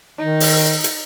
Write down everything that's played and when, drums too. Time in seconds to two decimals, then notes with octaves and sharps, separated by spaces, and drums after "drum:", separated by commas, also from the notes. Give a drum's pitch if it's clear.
0.18 D#3 D#4
0.40 drum: open hi-hat
0.84 drum: hi-hat